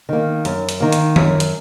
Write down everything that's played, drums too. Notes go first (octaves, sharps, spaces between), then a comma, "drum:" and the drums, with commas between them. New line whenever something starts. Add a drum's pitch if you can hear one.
D#3 A#3
F#2, drum: hi-hat
drum: hi-hat
D#3 A#3
drum: hi-hat
F#2, drum: tom D#3
drum: hi-hat